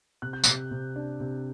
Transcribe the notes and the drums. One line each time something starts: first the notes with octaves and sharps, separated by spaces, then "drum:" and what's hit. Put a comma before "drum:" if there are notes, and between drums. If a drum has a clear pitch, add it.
C3 F#6
G6
C3 F#6, drum: tambourine
C3
D4
C3